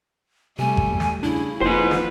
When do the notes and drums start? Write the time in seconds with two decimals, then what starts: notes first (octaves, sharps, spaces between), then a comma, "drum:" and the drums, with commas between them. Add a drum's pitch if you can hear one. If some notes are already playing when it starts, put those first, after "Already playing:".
0.59 C3 G3 A3 G#5
0.77 drum: kick G#1
0.91 E2
1.00 drum: snare
1.23 C#3 D4 E4
1.61 F#1 F2 A#3 D#4 B4 C5
1.91 drum: snare